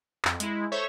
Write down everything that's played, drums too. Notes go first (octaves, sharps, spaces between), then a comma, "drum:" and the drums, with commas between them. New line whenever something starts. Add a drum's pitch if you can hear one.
F2, drum: clap
G#3 E4, drum: hi-hat
A4 C5 C#5 E5 C#6